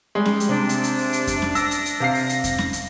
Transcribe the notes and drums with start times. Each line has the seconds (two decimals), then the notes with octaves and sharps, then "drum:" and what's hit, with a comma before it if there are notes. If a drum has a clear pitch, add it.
0.15 G3 G#3
0.26 drum: snare C#4
0.40 drum: hi-hat
0.49 C3 D4
0.69 drum: hi-hat
0.84 drum: hi-hat
0.98 drum: open hi-hat
1.13 drum: hi-hat
1.27 drum: kick F2, hi-hat
1.42 drum: snare C#4
1.55 E6 A#6, drum: hi-hat
1.71 drum: hi-hat
1.86 drum: hi-hat
2.00 C3 F5 C7
2.15 drum: open hi-hat
2.29 drum: hi-hat
2.44 drum: kick F2, hi-hat
2.58 drum: snare C#4
2.73 drum: hi-hat